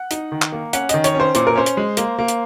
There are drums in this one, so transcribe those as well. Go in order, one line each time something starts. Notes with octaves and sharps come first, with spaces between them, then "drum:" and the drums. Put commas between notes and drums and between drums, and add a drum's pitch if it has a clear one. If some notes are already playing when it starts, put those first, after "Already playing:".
Already playing: F#5
D#4, drum: hi-hat
D#3
drum: clap
A#3
C#4 F#5, drum: hi-hat
D#3 D#5, drum: hi-hat
C#5, drum: hi-hat
C#4 C5
A#2 C5, drum: hi-hat
A#4
C#4 C5
drum: hi-hat
G#3
A#3, drum: hi-hat
A#3
drum: hi-hat